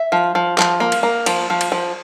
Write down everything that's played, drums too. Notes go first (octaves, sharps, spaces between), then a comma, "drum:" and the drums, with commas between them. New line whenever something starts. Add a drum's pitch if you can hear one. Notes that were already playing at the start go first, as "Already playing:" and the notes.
Already playing: E5
F3
F3
F3, drum: clap
A#3
drum: cymbal
A#3
F3, drum: cymbal
F3
drum: cymbal
F3